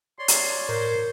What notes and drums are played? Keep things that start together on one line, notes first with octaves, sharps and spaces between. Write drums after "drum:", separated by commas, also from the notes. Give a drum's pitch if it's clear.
C#5 D5 C6
drum: hi-hat
A2 A#4 C5